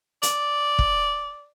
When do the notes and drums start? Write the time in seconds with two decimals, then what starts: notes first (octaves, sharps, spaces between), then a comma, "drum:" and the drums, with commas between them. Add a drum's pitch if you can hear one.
0.23 D5, drum: hi-hat
0.79 drum: kick